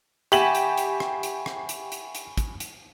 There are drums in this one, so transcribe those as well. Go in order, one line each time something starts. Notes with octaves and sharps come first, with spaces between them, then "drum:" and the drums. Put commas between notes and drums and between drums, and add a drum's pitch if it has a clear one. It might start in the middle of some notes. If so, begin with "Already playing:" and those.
G4 E5 F#5 G#5 B5 C#6 E7 F#7, drum: hi-hat
drum: hi-hat
drum: hi-hat
drum: rim click
drum: hi-hat
drum: rim click
drum: hi-hat
drum: hi-hat
drum: hi-hat
drum: kick, hi-hat
drum: hi-hat